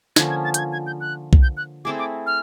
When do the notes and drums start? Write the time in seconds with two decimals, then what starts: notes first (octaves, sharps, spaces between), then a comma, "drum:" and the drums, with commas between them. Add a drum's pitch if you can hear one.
0.16 D3 F3 A#3 C#4 G#6, drum: snare
0.30 G#6
0.45 A6
0.54 G6, drum: hi-hat
0.59 G#6
0.73 G#6
0.87 G6
1.01 F#6
1.33 drum: kick B1
1.43 G6
1.57 F#6
1.85 A3 C4 E4 G#4 D6
1.99 D6
2.27 F6